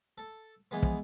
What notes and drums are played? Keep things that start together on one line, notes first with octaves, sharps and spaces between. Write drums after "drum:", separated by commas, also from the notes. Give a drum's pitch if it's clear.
A4
E3 G#3 B3
F3, drum: kick